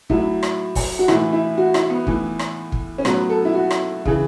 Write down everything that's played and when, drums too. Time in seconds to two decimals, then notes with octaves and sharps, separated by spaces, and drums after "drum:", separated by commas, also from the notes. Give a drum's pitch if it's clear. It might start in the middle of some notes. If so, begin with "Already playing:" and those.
0.10 A2 F#3 E4, drum: kick
0.43 drum: rim click
0.75 drum: kick, open hi-hat
0.99 F#4
1.08 A2 E3 E4, drum: rim click
1.33 E4
1.58 F#4
1.74 E4, drum: rim click
1.90 B3
2.07 A2 E3, drum: kick
2.39 drum: rim click
2.72 drum: kick
2.98 C#4
3.05 A2 F#3 B3, drum: rim click
3.29 A4
3.45 E4
3.54 F#4
3.71 drum: rim click
4.05 C#3 E3, drum: kick